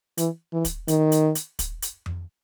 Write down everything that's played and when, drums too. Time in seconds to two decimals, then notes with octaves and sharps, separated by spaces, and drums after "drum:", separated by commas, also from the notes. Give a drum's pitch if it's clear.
0.18 E3, drum: hi-hat
0.53 E3
0.65 drum: kick, hi-hat
0.88 D#3, drum: hi-hat
1.12 drum: hi-hat
1.35 drum: hi-hat
1.59 drum: kick, hi-hat
1.82 drum: hi-hat
2.06 drum: tom F2